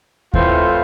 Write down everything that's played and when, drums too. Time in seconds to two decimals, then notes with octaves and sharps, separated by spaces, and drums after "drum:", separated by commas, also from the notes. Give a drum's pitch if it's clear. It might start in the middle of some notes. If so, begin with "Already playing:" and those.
0.34 A2 E3 A3 C4 F4, drum: kick D#2